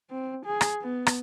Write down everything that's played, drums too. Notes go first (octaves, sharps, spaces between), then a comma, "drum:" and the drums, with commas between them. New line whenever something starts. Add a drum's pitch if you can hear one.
C4
G#4
drum: rim click
B3
drum: rim click